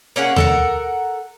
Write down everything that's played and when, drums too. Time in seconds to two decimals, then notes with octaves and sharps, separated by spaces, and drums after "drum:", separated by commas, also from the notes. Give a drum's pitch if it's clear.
0.16 A#3 C#4 G#4 F#5
0.36 A4 A#4 F#5, drum: tom D#2